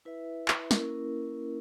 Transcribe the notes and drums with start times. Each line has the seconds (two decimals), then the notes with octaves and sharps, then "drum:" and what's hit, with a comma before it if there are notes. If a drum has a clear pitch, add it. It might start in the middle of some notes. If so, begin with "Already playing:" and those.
0.05 E4 B4 E5
0.48 drum: clap
0.71 A#3 C#4 E4 A#4, drum: snare